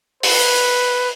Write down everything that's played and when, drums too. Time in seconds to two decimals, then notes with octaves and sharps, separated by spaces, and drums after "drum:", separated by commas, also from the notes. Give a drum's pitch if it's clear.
0.23 B4, drum: open hi-hat